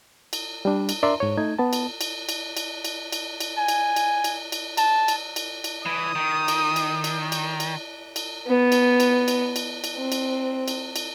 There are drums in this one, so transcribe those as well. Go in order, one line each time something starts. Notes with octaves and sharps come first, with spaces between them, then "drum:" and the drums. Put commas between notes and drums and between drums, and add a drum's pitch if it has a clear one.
drum: cymbal
G3 D4
drum: cymbal
D4 A#4 D5 E5 A#5 C6
G#2 C#5
A3 D#4 G#6
B3 A5
drum: cymbal
drum: cymbal
drum: cymbal
drum: cymbal
drum: cymbal
drum: cymbal
drum: cymbal
G#5
drum: cymbal
drum: cymbal
drum: cymbal
drum: cymbal
A5, drum: cymbal
drum: cymbal
drum: cymbal
drum: cymbal
E3 D#6
D#3
drum: cymbal
drum: cymbal
drum: cymbal
drum: cymbal
drum: cymbal
drum: cymbal
B3
drum: cymbal
drum: cymbal
drum: cymbal
drum: cymbal
drum: cymbal
C4
drum: cymbal
drum: cymbal
drum: cymbal